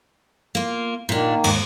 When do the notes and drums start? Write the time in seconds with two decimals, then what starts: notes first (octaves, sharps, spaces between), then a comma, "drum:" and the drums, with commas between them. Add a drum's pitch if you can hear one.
0.55 A#3 F4
1.09 A#2 D#3 A#3 D4
1.44 D#2 G#2, drum: cymbal